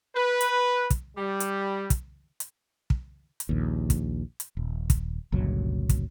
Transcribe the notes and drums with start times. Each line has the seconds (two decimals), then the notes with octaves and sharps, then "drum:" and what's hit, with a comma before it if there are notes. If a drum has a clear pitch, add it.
0.16 B4
0.41 drum: hi-hat
0.90 drum: kick, hi-hat
1.17 G3
1.40 drum: hi-hat
1.90 drum: kick, hi-hat
2.40 drum: hi-hat
2.90 drum: kick
3.40 drum: hi-hat
3.49 A#1 D#2
3.90 drum: kick, hi-hat
4.40 drum: hi-hat
4.57 D#1
4.90 drum: kick, hi-hat
5.32 G1 C#2 A#2 F#3
5.89 drum: kick, hi-hat